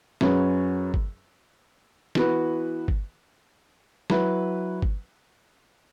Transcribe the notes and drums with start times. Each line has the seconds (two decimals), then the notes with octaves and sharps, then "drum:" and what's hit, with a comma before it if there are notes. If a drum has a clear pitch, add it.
0.21 F#2 F#3 C#4 G#4 B4, drum: snare
0.94 drum: kick G1
2.15 E3 B3 F#4 B4, drum: snare
2.88 drum: kick G1
4.10 F#3 E4 B4, drum: snare
4.82 drum: kick G1